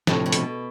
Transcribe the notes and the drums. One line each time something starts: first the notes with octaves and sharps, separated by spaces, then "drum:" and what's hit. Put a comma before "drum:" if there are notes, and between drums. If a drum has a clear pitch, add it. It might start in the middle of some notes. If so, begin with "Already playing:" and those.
D2 A2 C3 F3, drum: snare
A2
B2, drum: hi-hat